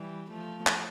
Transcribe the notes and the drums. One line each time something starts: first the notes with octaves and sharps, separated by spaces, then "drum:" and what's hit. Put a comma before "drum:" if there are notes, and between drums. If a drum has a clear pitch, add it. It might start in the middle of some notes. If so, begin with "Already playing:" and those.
Already playing: E3 G3
F3 A3
drum: clap